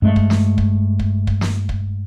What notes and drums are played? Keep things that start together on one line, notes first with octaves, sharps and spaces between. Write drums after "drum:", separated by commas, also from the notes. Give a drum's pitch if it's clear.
G2 G#3 A3
drum: kick
drum: snare
drum: kick
drum: kick
drum: kick
drum: snare
drum: kick